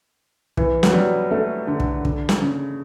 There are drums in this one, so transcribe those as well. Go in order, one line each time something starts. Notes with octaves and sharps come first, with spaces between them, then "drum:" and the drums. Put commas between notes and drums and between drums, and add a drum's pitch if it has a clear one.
E3, drum: kick
F#3, drum: snare
G3
A3
D3
drum: kick
D3, drum: kick
drum: snare
C#3